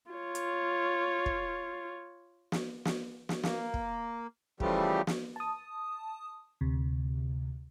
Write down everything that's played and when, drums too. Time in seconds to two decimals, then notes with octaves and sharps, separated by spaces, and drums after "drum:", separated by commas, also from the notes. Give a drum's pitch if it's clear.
0.11 F4 C#5
0.35 drum: hi-hat
1.26 drum: kick
2.52 drum: snare
2.85 drum: snare
3.29 drum: snare
3.43 A#3, drum: snare
3.74 drum: kick
4.60 C#3 E3 F3 G3 A3 G4, drum: kick
5.07 drum: snare
5.36 A5 D#6
6.61 D2 C3